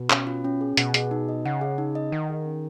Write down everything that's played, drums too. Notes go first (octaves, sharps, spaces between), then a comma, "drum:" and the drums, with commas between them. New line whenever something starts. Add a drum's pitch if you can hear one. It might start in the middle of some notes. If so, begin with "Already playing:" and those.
Already playing: B2
C#4, drum: clap
F4
C#4
G#4
B2 F#5, drum: hi-hat
G#4, drum: hi-hat
D#4
D#5
C#3 F#5
G#4
D#4
D#5
D#3 F#5
G#4
C#4